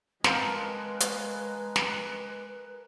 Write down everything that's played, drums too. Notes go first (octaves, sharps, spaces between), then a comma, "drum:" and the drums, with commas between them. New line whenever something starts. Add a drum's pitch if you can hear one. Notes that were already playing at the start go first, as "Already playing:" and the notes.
G#3 C4 A#4 B4 F5 A5, drum: snare
drum: hi-hat
drum: snare